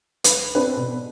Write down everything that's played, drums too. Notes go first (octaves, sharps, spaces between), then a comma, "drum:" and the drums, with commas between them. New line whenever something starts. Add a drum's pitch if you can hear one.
B4, drum: hi-hat
C4 D4 B4
B2